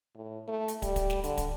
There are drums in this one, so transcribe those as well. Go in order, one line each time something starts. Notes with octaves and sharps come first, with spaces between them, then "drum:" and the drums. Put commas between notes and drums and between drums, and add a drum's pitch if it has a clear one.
A2
A3
drum: hi-hat
G3, drum: kick, hi-hat
drum: kick, hi-hat
drum: snare
D3, drum: hi-hat
drum: kick, hi-hat